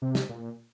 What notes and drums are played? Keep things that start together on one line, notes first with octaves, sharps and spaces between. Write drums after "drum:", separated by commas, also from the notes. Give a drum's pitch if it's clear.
C3
drum: snare
A#2